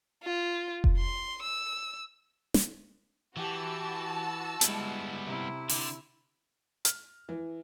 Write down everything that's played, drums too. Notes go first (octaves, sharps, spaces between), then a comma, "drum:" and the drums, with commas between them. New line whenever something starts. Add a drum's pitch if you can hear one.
F4
drum: kick F1
C6
E6
drum: snare
E3 F#4 G4 A5 E6
G3 G#3 B3 E4, drum: hi-hat
C3 E4
D3, drum: open hi-hat
F6, drum: hi-hat
E3